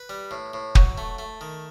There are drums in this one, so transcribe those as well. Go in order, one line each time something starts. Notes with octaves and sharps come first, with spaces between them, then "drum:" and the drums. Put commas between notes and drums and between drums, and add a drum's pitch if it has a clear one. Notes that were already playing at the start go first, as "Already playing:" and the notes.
Already playing: B4
G3
A2
A2
F#3, drum: kick
A3
A3
D#3